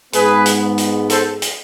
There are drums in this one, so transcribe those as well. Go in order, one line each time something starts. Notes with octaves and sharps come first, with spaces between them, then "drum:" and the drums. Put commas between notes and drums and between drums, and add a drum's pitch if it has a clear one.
G#2 G#3 B3 G#4 B4, drum: hi-hat
drum: hi-hat
drum: hi-hat
A4 C5, drum: hi-hat
drum: hi-hat